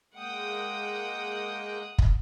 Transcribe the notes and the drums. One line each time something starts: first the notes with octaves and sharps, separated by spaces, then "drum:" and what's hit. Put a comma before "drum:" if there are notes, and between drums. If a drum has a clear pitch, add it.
G#3 A#3 F#5 G5 D#6
drum: kick